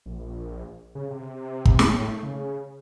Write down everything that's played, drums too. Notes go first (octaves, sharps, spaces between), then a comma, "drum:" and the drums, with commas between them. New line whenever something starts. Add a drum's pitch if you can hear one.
A#1
C#3
C3
drum: kick
A2, drum: snare
A3
C#3